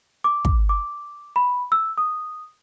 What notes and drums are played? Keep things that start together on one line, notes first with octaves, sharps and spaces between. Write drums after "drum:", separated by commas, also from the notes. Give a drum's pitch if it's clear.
D6
drum: kick
D6
B5
E6
D#6